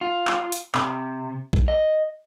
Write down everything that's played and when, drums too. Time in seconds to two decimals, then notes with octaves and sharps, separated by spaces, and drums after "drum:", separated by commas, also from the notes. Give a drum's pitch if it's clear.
0.01 F4
0.27 drum: clap
0.52 drum: hi-hat
0.75 C3, drum: clap
1.53 drum: kick A#1
1.68 D#5